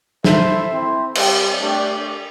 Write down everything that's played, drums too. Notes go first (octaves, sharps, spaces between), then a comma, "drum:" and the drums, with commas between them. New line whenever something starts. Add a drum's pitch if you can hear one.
E4 A4 C5 E5, drum: snare
C4 E4 C5
G3 C4 G4, drum: cymbal
A3 D4 G4 D5 G5